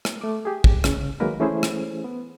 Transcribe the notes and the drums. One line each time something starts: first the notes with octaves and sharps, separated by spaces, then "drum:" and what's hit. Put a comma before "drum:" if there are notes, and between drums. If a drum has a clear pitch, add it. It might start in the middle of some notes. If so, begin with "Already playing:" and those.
drum: rim click
A3 D6
G4 G#4
drum: kick
C#3, drum: rim click
D#3 F#3 G#3 A#3 A#4 B4
E3 A3 C#4 E4 G#4 C5
drum: rim click
B3